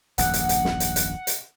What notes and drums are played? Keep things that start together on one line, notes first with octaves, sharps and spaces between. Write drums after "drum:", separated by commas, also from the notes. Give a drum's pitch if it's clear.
D#1 A#1 F#2 F#5, drum: hi-hat
drum: hi-hat
drum: hi-hat
drum: snare
drum: hi-hat
drum: hi-hat
drum: hi-hat